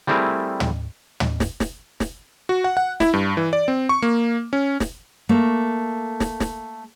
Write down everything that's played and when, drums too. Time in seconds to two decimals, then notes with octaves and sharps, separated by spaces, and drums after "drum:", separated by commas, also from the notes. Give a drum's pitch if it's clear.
0.07 G3 A3 C4 E4 G#4 A#4
0.60 drum: tom
1.20 drum: tom
1.40 drum: snare
1.60 drum: snare
2.00 drum: snare
2.49 F#4
2.64 F#5
2.77 F#5
3.00 E4, drum: snare
3.14 G2
3.37 E3
3.53 D5
3.68 C4
3.89 C#6
4.02 A#3
4.53 C#4
4.80 drum: snare
5.29 A3 A#3
6.20 drum: snare
6.40 drum: snare